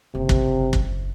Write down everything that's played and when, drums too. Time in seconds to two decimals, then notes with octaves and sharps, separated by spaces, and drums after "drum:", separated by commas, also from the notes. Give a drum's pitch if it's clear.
0.15 F#1 C3
0.29 drum: kick
0.73 drum: kick